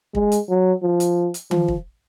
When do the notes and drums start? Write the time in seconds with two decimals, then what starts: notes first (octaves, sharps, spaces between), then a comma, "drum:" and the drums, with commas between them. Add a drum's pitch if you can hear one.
0.15 G#3, drum: kick
0.32 drum: hi-hat
0.49 F#3
0.83 F3
1.00 drum: hi-hat
1.34 drum: hi-hat
1.51 F3, drum: tom D#3
1.68 drum: kick